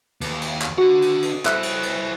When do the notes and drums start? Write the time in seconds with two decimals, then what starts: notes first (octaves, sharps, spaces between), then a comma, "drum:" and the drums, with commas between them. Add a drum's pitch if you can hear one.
0.21 D#2, drum: cymbal
0.41 drum: cymbal
0.62 drum: clap
0.78 D4 F#4 F#5
1.02 drum: cymbal
1.22 drum: cymbal
1.45 E4 A4 C5 E5 F#6, drum: clap
1.63 drum: cymbal
1.83 drum: cymbal